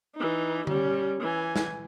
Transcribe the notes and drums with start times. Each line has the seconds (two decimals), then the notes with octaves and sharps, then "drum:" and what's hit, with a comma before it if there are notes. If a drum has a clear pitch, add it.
0.16 E3 D#4
0.67 G3 C#4, drum: tom D3
1.21 E3 G#5
1.56 drum: snare